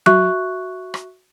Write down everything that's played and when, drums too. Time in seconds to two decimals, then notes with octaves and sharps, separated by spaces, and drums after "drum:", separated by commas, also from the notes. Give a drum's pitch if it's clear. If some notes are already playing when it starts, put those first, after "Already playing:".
0.06 F#4 E5 C#6 F#6, drum: tom F#3
0.94 drum: rim click